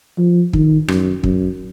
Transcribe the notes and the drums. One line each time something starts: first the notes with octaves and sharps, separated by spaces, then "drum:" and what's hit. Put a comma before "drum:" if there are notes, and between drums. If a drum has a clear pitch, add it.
F3
D#3, drum: kick
F#2, drum: rim click
F#2, drum: kick